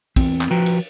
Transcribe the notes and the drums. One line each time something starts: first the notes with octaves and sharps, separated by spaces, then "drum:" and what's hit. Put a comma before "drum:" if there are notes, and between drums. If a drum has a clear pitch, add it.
E2 C4, drum: kick, cymbal
drum: clap
F3 F#4 B4 G5 A#5
drum: cymbal